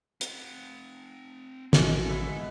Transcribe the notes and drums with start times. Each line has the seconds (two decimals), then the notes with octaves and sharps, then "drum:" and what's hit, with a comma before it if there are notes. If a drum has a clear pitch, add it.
0.21 C4 F#5, drum: hi-hat
1.73 A1 G#3 F#4 A4, drum: snare
2.09 G#2 B3 E5